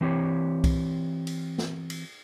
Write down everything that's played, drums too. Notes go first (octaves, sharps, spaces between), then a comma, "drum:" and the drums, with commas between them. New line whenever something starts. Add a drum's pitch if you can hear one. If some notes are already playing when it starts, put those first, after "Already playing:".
E3 C4 G4 C#5
drum: kick C2, cymbal
drum: cymbal
drum: snare
drum: cymbal